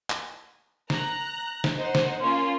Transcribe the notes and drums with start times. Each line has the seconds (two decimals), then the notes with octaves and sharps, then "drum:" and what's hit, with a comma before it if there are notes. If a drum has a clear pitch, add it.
0.10 drum: clap
0.90 A#5 F#6, drum: snare
1.64 drum: snare
1.76 D#4 C5 F#5
1.95 drum: snare
2.21 A#3 C#4 F4 C6